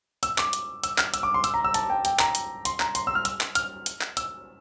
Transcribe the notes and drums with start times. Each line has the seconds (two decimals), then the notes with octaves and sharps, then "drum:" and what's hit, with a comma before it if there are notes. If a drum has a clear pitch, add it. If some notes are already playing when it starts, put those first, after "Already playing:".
0.23 E6, drum: hi-hat
0.38 D6, drum: clap
0.53 drum: hi-hat
0.84 E6, drum: hi-hat
0.98 F6, drum: clap
1.14 E6, drum: hi-hat
1.23 D6
1.34 C6
1.44 E6, drum: hi-hat
1.54 A#5
1.64 E6
1.74 A5, drum: hi-hat
1.90 G5
2.05 G5, drum: hi-hat
2.19 A#5, drum: clap
2.35 drum: hi-hat
2.65 C6, drum: hi-hat
2.80 A#5, drum: clap
2.95 C6, drum: hi-hat
3.07 E6
3.15 F6
3.25 E6, drum: hi-hat
3.41 drum: clap
3.55 F6, drum: hi-hat
3.86 drum: hi-hat
4.01 drum: clap
4.17 E6, drum: hi-hat